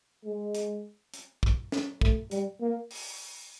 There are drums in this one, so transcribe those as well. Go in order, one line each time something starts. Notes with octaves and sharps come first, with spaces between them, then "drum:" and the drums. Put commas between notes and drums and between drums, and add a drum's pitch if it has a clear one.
G#3
drum: hi-hat
drum: hi-hat
drum: kick
drum: snare
A3, drum: kick
G3, drum: hi-hat
A#3
drum: open hi-hat